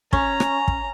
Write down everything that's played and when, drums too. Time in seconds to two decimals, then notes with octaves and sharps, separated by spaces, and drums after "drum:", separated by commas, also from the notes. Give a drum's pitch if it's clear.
0.13 C#4 A#5, drum: kick
0.40 drum: rim click
0.68 drum: kick